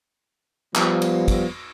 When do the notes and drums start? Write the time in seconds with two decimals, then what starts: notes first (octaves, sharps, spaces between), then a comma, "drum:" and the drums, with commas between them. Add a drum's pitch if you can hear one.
0.75 F3 G3 B3, drum: clap
1.02 drum: cymbal
1.28 drum: kick, cymbal